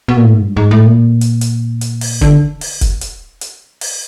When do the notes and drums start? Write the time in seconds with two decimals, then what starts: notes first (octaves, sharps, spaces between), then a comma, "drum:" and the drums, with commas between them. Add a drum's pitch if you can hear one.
0.08 B2
0.17 A#2
0.24 A2
0.33 G#2
0.42 G2
0.57 G#2
0.71 A2
0.86 A#2
1.21 drum: hi-hat
1.41 drum: hi-hat
1.81 drum: hi-hat
2.01 drum: open hi-hat
2.21 D3, drum: kick F1
2.61 drum: open hi-hat
2.81 drum: kick F1, hi-hat
3.01 drum: hi-hat
3.41 drum: hi-hat
3.81 drum: open hi-hat